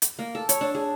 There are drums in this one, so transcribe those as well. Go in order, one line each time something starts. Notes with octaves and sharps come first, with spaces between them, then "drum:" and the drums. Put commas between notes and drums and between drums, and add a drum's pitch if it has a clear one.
drum: hi-hat
A#3
A4
C#5, drum: hi-hat
D4
G#4